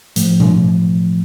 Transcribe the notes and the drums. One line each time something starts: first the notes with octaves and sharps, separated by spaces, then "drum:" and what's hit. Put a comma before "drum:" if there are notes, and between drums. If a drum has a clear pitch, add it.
A2 F3 A3, drum: hi-hat
drum: tom B2